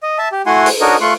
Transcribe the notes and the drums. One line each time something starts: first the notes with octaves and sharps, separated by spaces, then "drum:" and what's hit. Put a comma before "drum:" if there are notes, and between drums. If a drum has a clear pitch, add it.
D#5
E5 A5
G4
A3 E4 F#4 F#5 G#5 C6
drum: open hi-hat
D4 D#4 F#4 A#4 C#5 D#5
A3 F4 C6 C#6 F#6